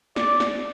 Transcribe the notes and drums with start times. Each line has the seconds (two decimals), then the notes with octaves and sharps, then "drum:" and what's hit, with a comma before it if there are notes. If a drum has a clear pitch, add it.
0.16 D5, drum: snare
0.40 drum: snare